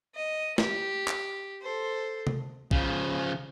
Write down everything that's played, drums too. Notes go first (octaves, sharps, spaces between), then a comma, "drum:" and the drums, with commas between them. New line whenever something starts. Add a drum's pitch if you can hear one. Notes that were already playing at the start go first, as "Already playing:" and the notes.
D#5
G4, drum: snare
drum: clap
A4 C5
drum: tom C3
C#3 F3, drum: kick